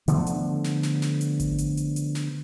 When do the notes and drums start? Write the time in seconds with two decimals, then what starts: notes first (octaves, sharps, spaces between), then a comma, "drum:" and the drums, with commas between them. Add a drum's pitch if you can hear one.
0.08 D3 F3 A3 B3, drum: hi-hat
0.27 drum: hi-hat
0.64 drum: snare
0.83 drum: snare
1.02 drum: snare
1.21 drum: hi-hat
1.40 drum: kick G#1, hi-hat
1.58 drum: hi-hat
1.77 drum: hi-hat
1.96 drum: hi-hat
2.15 drum: snare